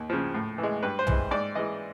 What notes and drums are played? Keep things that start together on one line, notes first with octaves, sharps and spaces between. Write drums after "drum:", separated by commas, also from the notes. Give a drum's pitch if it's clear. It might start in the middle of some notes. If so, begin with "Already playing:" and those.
Already playing: D#2
C#3 F3
A2
E3
G#3
G2 B4
C5
E3 G#3, drum: tom
G#2 D5
E3 G#3 D#5